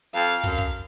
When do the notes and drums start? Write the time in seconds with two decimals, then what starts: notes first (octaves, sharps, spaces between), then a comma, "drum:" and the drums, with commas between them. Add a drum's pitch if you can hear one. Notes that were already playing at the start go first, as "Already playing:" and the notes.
0.14 F2 F5
0.43 F#2, drum: kick
0.58 drum: kick